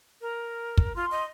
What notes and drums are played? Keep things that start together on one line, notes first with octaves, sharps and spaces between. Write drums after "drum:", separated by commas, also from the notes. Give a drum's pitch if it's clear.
A#4
drum: kick
F4 C6
D#5